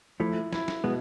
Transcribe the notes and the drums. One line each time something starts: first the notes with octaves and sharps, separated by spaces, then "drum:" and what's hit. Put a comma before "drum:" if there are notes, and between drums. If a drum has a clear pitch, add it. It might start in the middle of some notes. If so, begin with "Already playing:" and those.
F3 A3 E4
E4, drum: snare
drum: snare
B2 G#3 B3